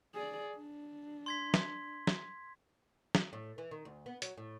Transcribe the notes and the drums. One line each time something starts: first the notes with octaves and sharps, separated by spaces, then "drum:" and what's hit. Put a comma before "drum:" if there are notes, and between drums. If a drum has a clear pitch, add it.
G#4 D5
D4
C6 G#6 B6
drum: snare
drum: snare
drum: snare
A2
E3
D#3
D2
B3
F#3, drum: hi-hat
A2